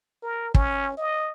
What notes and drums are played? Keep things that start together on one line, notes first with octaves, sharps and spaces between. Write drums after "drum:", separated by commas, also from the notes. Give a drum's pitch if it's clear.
A#4
C#4, drum: kick
D#5